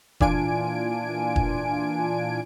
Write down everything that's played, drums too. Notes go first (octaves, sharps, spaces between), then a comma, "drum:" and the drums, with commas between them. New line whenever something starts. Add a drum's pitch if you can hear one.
A#2 E3 D4 F4 G#5 D7, drum: kick E1
drum: kick E1